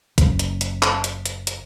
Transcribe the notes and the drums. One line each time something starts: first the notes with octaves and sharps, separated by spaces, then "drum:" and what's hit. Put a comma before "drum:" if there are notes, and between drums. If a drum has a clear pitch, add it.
F#1 C#3, drum: kick, hi-hat
drum: hi-hat
drum: hi-hat
drum: clap
drum: hi-hat
drum: hi-hat
drum: hi-hat